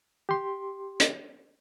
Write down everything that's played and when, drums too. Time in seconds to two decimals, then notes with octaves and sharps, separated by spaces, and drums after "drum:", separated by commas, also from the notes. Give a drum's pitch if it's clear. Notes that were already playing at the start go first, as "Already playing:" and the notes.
0.29 G4 C6
1.00 drum: hi-hat